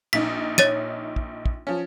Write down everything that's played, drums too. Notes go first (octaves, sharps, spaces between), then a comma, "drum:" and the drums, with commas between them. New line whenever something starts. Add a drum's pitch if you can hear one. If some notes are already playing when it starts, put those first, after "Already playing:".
A#1 D#4 B6
C#5 A6 D#7, drum: snare
drum: kick
drum: kick
F3 C#4